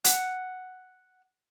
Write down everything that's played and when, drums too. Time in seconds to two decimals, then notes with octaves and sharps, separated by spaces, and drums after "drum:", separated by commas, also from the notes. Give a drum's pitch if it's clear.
0.04 F#5, drum: hi-hat